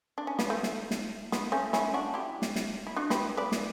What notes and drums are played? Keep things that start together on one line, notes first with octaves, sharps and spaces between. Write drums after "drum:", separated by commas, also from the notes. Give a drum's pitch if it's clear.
D4
C#4
B3, drum: snare
A3
drum: snare
drum: snare
B3, drum: snare
A3 C#4
C#4 E4, drum: snare
D4 F#4
E4 G4
drum: snare
drum: snare
E4
D4 F#4
G4 B4, drum: snare
B4 D5
drum: snare